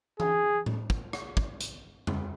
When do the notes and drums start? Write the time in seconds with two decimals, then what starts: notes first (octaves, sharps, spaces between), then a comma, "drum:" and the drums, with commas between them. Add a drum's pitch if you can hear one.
0.20 G#4, drum: tom E3
0.66 drum: tom A2
0.90 drum: kick
1.13 drum: rim click
1.37 drum: kick
1.60 drum: hi-hat
2.07 drum: tom